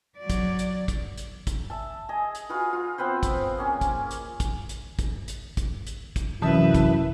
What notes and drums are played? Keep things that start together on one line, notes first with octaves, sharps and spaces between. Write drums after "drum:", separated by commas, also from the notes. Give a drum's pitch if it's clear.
F#3 D5
drum: kick, hi-hat
drum: hi-hat
drum: kick, hi-hat
drum: hi-hat
drum: kick, hi-hat
E5 A5
G#4 D#5
drum: hi-hat
F4 F#4 G#4 B4
F4
B3 C4 B4 C5
drum: kick, hi-hat
A#3 C#4 G#5
drum: kick, hi-hat
drum: hi-hat
drum: kick, hi-hat
drum: hi-hat
drum: kick, hi-hat
drum: hi-hat
drum: kick, hi-hat
drum: hi-hat
drum: kick, hi-hat
F#2 C3 E3 E4 B4 E5 A5
drum: kick, hi-hat